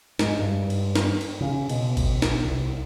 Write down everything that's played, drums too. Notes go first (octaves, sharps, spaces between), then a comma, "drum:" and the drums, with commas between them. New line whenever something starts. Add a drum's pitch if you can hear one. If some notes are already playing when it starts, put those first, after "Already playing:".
G#2, drum: snare
G2
drum: cymbal
drum: snare
drum: cymbal
C#3
B2, drum: cymbal
drum: kick G#1, cymbal
drum: snare
C2